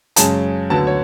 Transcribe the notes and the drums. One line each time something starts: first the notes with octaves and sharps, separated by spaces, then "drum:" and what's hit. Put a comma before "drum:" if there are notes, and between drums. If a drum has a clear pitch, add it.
F#2 C#3 G#3 C#4 A5, drum: hi-hat
D2 D3 F#3 B3 A5
C#5